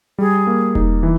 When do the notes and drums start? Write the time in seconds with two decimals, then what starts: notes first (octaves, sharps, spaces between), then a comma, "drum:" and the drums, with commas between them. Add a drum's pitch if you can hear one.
0.18 G3 G#4
0.47 A#3
0.75 D#4, drum: kick E1
1.03 E3